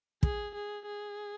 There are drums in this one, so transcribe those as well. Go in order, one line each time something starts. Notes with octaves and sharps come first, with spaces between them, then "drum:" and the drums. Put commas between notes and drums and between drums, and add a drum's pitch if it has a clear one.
G#4, drum: kick
G#4
G#4